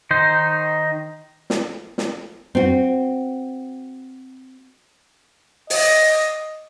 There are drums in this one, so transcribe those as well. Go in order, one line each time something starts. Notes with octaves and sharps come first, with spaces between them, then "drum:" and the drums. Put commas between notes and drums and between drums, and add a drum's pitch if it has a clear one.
D#3 D#4 C5
drum: snare
drum: snare
C4 F#4
D#5, drum: open hi-hat